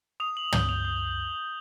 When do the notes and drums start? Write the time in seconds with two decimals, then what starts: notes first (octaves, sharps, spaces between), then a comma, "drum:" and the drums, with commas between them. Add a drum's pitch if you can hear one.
0.20 D#6 F7
0.37 F#7
0.52 G6 G7, drum: tom
0.69 F7
0.85 D#6